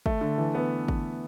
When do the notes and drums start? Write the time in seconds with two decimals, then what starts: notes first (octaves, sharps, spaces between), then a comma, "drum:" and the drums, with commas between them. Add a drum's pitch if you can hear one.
0.06 A3, drum: kick
0.21 D3
0.38 E3
0.55 B3
0.88 drum: kick